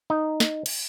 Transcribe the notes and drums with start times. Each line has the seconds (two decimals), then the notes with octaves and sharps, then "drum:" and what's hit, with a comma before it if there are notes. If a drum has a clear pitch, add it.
0.10 D#4
0.40 drum: snare
0.66 drum: cymbal